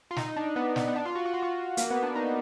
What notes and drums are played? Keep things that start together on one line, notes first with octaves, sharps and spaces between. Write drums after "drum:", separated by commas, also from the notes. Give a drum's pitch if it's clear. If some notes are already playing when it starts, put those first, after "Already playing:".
F4
D#4, drum: snare
D4
B3
B3, drum: snare
B3
D4
F4
F#4
F#4
F4
F#4
A#3, drum: hi-hat
B3
D4
D#4